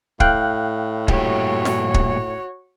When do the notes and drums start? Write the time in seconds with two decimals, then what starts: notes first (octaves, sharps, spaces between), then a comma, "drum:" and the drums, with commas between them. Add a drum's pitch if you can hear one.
0.20 A2 F5 G5 F#6, drum: kick
1.08 G2 A#2 F#4 G4 C#5, drum: kick
1.65 drum: snare
1.94 drum: kick